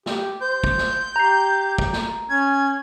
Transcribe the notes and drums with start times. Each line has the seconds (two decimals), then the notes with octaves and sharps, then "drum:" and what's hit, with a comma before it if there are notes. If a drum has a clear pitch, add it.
0.06 G4, drum: snare
0.41 C5 G6
0.64 drum: kick
0.78 drum: snare
1.16 G4 A#5 C7
1.78 drum: kick
1.93 drum: snare
2.30 C#4 G#6